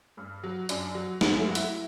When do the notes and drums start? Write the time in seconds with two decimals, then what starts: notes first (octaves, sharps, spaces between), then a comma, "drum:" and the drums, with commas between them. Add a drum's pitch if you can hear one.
0.17 G2
0.43 F#3
0.69 F#2 D4, drum: hi-hat
0.95 F#3
1.21 F#2 B3, drum: snare
1.38 A3
1.47 F#3 F#4
1.55 E4, drum: hi-hat